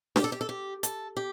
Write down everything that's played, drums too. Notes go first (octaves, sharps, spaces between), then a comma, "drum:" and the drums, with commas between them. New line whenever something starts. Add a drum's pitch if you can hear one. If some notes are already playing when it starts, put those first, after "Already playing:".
G4, drum: snare D4
A4
G4
A4
G4
A4, drum: hi-hat
G4